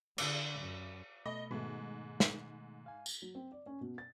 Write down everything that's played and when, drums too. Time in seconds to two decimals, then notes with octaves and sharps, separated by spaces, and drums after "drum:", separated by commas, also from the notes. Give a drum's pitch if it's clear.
0.18 D3, drum: cymbal
0.61 F#2
1.26 B2 A3 D#5 B5
1.51 G#2 B2 D#3 A3
2.20 drum: snare
2.86 F5 G#5
3.06 drum: tambourine
3.22 F#3
3.35 C4
3.52 D5
3.66 C#4
3.81 B2
3.98 A6